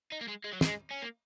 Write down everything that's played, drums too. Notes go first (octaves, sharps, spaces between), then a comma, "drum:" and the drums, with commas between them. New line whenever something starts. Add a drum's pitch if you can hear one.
D#4
A#3
G#3
G#3
F#3
G#3, drum: snare
C#4
A#3